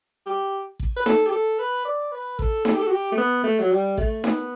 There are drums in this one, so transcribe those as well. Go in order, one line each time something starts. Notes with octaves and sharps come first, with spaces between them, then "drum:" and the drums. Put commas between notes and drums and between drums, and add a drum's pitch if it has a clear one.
G4
drum: kick A1
B4
A4, drum: snare D#4
G4
A4
B4
D5
B4
A4, drum: kick A1
A4, drum: snare D#4
G4
A4
F#4
G4
A3
B3
A3
F#3
G3
A3, drum: kick A1
B3, drum: snare D#4